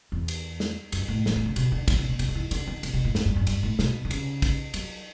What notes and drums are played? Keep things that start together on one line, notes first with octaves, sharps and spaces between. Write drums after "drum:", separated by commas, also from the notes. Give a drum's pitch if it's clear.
E2
drum: cymbal
drum: snare
F#2, drum: cymbal
A2
E3, drum: snare
D3
C#3
B2, drum: cymbal
D3
E3, drum: kick, cymbal
C#3
B2
C#3, drum: cymbal
D3
E3
D3, drum: cymbal
D3
C#3, drum: cymbal
B2
A2
G2, drum: snare
G2
F#2
G2, drum: cymbal
A2
B2, drum: snare
D3
C#3, drum: cymbal
drum: kick, cymbal
F#3, drum: cymbal